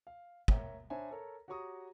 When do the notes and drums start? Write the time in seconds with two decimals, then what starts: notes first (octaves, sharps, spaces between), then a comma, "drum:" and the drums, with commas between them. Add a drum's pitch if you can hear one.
0.07 F5
0.48 A#4 C#5 E5 A#5, drum: kick
0.90 D4 C5 C#5 E5 G#5 A#5
1.11 A4 A#4 C#5 A#5
1.48 F#4 G4 C#5 A#5 C#6 D#6